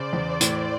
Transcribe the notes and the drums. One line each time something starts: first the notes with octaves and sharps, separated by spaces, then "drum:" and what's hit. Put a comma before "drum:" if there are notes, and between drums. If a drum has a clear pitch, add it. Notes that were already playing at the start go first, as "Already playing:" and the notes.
Already playing: C#3 C5 D5
E2
A2, drum: hi-hat